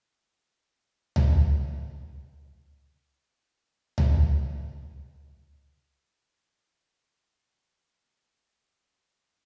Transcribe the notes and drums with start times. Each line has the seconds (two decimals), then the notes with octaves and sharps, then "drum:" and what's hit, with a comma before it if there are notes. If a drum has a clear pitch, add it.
0.05 C#6
0.28 G#2
0.55 E3
0.86 A4
1.16 drum: tom C#2
1.52 F#2 B3 C#5 D5 G6
3.98 drum: tom C#2
5.34 F3 A#3
7.09 D#5 F5